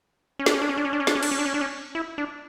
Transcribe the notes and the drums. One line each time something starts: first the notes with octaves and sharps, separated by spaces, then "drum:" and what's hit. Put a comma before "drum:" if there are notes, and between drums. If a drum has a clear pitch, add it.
C#4
D4, drum: snare
C#4
D4
C#4
D4
C#4
D4
C#4
D4, drum: snare
C#4
D4, drum: cymbal
C#4
D4
C#4
D4
C#4
E4
D4